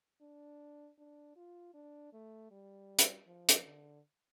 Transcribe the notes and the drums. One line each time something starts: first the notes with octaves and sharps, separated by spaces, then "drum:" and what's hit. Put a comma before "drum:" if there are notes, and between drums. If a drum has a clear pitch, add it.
D4
D4
F4
D4
A3
G3
drum: hi-hat
F3
drum: hi-hat
D3